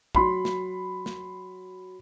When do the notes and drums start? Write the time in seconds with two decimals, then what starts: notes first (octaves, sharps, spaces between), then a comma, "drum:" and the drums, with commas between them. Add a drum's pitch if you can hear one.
0.15 F#3 B5 C6, drum: kick
0.45 drum: snare
1.06 drum: snare